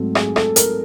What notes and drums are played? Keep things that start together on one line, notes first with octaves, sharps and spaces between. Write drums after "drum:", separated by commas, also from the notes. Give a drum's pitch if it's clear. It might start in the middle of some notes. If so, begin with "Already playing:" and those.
Already playing: G#2 F#3 A3 C4
G#4, drum: rim click
A4, drum: rim click
A#4, drum: hi-hat